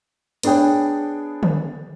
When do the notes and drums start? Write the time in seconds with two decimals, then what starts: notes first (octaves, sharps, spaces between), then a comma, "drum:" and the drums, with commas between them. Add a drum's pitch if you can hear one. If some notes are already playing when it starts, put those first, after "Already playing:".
0.43 B3 D4 G#4 C#5 G5, drum: hi-hat
1.43 drum: tom D3